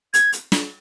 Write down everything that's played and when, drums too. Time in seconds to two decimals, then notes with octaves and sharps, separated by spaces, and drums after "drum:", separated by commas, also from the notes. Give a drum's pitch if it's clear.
0.14 G#6, drum: hi-hat
0.32 drum: hi-hat
0.52 drum: snare